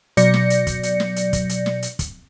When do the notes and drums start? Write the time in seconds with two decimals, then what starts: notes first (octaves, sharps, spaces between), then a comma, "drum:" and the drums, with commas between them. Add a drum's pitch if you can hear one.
0.17 B2 F#3 D5 G6 A#6 C#7, drum: hi-hat
0.34 drum: snare
0.50 drum: hi-hat
0.67 drum: kick, hi-hat
0.83 drum: hi-hat
1.00 drum: snare
1.16 drum: hi-hat
1.33 drum: kick, hi-hat
1.49 drum: hi-hat
1.66 drum: snare
1.82 drum: hi-hat
1.99 drum: kick, hi-hat